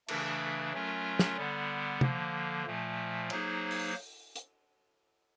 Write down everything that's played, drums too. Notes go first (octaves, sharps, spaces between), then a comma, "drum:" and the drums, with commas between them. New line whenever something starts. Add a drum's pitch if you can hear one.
C#3 E3 A3 D4, drum: cymbal
F#3 A3 C#4 F4 A#4
drum: snare
D3 G3 B3
D3 F3 A#3, drum: tom
A#2 F3 A3
F#3 A#3 D#4 G#4 C5, drum: cymbal
drum: open hi-hat
drum: hi-hat